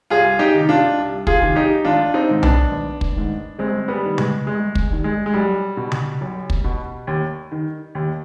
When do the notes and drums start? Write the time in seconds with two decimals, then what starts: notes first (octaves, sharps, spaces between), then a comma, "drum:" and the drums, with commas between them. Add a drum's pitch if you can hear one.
0.10 C2 F4 G#4
0.39 D#4 G4
0.54 C3 D#3
0.69 D4 F4
0.98 C2
1.27 F4 G#4, drum: kick
1.42 C3 D#3
1.55 D#4 G4
1.85 G#1 D4 F4
2.14 C4 D#4
2.28 G#2 D#3
2.43 B3 D4, drum: tom B1
2.72 G#1
3.01 drum: kick
3.16 G#2 D#3
3.59 G1 G#3 C4
3.88 G3 B3
4.03 G2 D#3
4.18 G#3, drum: tom C#3
4.46 G1 G#3
4.75 drum: kick
4.90 G2 D#3
5.04 G#3
5.26 G#3
5.34 B1 G3
5.77 B2
5.92 drum: tom C#3
6.21 B1
6.50 drum: kick
6.64 B2
7.07 D#2
7.52 D#3
7.95 D#2